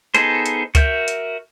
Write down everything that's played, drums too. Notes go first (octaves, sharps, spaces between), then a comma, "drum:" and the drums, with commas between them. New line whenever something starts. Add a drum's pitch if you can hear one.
B3 D#4 G#4 A4 C5, drum: hi-hat
drum: hi-hat
F#4 A#4 E5 G6, drum: kick C#2, hi-hat
drum: hi-hat